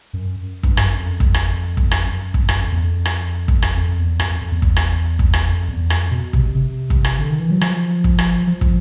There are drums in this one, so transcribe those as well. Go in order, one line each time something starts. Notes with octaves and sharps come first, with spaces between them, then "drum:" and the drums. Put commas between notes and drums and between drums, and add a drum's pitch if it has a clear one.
F#2
G2, drum: kick
F#2, drum: rim click
F2
drum: kick
drum: rim click
drum: kick
drum: rim click
F#2
drum: kick
F#2, drum: rim click
F2
E2
F2
drum: rim click
drum: kick
drum: rim click
F2
E2
F2, drum: rim click
F2
E2
drum: kick
drum: rim click
drum: kick
drum: rim click
F2
E2
F2, drum: rim click
B2
C3, drum: kick
C3
drum: kick
drum: rim click
D3
D#3
E3
F#3
F3, drum: rim click
drum: kick
drum: rim click
F3
drum: kick